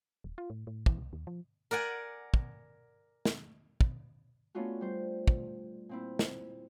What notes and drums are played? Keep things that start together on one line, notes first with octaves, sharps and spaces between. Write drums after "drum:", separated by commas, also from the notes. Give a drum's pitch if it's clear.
D#1
F4
A2
A2
E3, drum: kick
C2
D#2
F3
A#4 D5 F#5 G#5
drum: kick
drum: snare
drum: kick
A3 B3 C#4 D4 F4 F#4
G3 C5
drum: kick
A#2 C4 E4
drum: snare